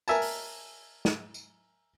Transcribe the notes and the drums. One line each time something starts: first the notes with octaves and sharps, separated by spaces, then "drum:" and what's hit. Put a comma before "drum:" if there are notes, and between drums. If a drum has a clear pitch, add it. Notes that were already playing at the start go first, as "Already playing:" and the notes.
A#4 E5 G#5 A5, drum: tambourine
drum: open hi-hat
drum: snare
drum: tambourine